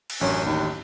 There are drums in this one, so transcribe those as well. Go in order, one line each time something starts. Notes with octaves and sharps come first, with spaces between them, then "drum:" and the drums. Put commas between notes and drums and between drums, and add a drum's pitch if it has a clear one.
drum: cymbal
A1 F#2 C#4 D4
D#2